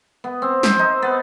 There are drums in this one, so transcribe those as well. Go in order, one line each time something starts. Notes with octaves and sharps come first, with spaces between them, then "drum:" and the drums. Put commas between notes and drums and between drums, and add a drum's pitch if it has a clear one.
B3
C4
C5, drum: snare
D#4
B3